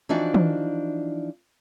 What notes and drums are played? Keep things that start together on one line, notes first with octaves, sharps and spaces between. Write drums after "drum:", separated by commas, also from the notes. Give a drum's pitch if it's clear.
E3 F3 D4 D#4 F#4
drum: tom